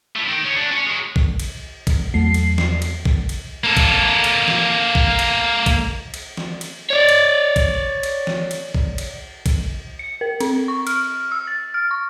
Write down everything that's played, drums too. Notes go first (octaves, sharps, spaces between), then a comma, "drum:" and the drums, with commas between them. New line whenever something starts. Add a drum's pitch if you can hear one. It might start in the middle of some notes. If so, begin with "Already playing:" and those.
A3 E4
D#3
C#2 C#4
D4 F#4
C#4 C#5
F#3 G#3
drum: kick
drum: cymbal
drum: kick, cymbal
E2 F#3 A3 C7
drum: cymbal
drum: snare
drum: cymbal
drum: kick
drum: cymbal
A#3 A4
drum: kick, cymbal
drum: cymbal
drum: snare
drum: kick
drum: cymbal
drum: kick, cymbal
drum: cymbal
drum: snare
drum: cymbal
C#5 D5
drum: cymbal
drum: kick, cymbal
drum: cymbal
drum: snare
drum: cymbal
drum: kick
drum: cymbal
drum: kick, cymbal
C#7
A#4
C4, drum: cymbal
C#6
F6, drum: cymbal
E6
A6
F6
C#6